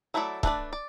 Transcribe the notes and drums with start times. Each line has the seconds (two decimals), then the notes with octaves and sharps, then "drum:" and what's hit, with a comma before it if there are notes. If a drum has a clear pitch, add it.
0.14 F#3 A3 E4 A4 D5
0.43 A3 D4 B4 D5, drum: kick
0.73 D5